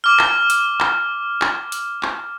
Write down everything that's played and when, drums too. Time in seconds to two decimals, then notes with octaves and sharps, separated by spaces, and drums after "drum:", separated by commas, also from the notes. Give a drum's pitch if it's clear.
0.04 D6 F6
0.19 drum: clap
0.50 drum: hi-hat
0.80 drum: clap
1.42 drum: clap
1.72 drum: hi-hat
2.03 drum: clap